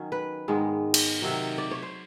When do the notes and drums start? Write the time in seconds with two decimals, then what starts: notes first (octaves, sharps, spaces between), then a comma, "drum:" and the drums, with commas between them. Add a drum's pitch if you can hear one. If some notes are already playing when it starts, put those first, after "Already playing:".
Already playing: D#3 F#3 C#4
0.12 B4
0.48 G#2 D#3 G#3 B3
0.94 drum: cymbal
1.22 C3 D#3 F#3
1.58 D5
1.71 C#5
1.82 C5